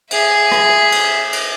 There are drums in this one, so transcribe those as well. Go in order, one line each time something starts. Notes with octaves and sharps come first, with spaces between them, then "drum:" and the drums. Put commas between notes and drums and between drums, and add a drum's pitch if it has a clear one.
G#4 E5, drum: cymbal
drum: rim click
drum: cymbal
drum: cymbal